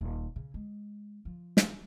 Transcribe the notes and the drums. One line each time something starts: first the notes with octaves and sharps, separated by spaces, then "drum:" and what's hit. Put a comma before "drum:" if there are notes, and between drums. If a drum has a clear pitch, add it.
D#1
C#3
G#3
F3
drum: snare